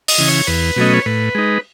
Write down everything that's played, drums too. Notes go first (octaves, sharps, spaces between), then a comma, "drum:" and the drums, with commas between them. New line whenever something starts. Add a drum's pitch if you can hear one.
D#5, drum: open hi-hat
C#3 E3
C#5
E2 B4
B2 F#3 A3 C#4 D#5
C#5
A2 B4
G#3 D#4